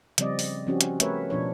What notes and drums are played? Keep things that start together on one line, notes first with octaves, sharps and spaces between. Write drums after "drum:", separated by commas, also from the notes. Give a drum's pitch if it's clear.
C#3 F3 G3 C4 D5 D#5, drum: hi-hat
drum: open hi-hat
F3 C4 C#4 F#4 G4
drum: hi-hat
A3 A#4 B4 C#5 E5, drum: hi-hat
B2 F3 D4 C#5